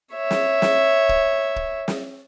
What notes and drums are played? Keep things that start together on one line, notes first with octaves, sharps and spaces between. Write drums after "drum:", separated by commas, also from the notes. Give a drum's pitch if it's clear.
C#5 E5
drum: snare
drum: snare
drum: kick
drum: kick
drum: snare